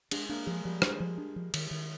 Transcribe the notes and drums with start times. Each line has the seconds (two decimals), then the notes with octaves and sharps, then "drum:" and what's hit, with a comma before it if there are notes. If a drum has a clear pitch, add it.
0.11 G#3 D4, drum: cymbal
0.29 A#3 D4
0.46 F3 G#3
0.65 F3 G3
0.82 G#3 D4, drum: rim click
1.00 F3
1.18 D4
1.36 F3
1.54 D#3, drum: cymbal
1.71 D#3